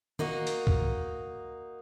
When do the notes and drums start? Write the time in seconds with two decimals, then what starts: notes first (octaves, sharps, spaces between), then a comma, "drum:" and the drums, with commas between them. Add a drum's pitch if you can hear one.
0.19 A#3 D#4 F#4, drum: tom
0.47 drum: hi-hat
0.67 drum: kick